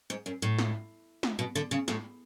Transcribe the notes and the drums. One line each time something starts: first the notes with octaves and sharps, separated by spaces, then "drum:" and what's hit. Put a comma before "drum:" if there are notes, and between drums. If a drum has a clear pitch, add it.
G#2
F#2
A2
drum: snare
drum: snare
B2
D3
C#3
A2, drum: snare